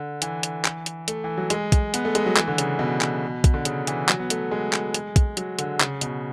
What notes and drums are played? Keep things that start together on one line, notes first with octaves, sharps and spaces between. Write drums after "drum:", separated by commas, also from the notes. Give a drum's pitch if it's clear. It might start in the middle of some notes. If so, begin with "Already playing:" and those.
Already playing: D3
E3, drum: hi-hat
drum: hi-hat
drum: clap
drum: hi-hat
A3, drum: hi-hat
E3
F#3
G#3, drum: hi-hat
drum: kick, hi-hat
B3, drum: hi-hat
A3
G#3, drum: hi-hat
F#3
E3, drum: clap
D3
C#3, drum: hi-hat
B2
drum: clap
drum: kick, hi-hat
D3
C#3, drum: hi-hat
E3, drum: hi-hat
F#3, drum: clap
B3
A3, drum: hi-hat
G#3
drum: clap
drum: hi-hat
drum: kick, hi-hat
F#3, drum: hi-hat
D3, drum: hi-hat
C#3, drum: clap
B2, drum: hi-hat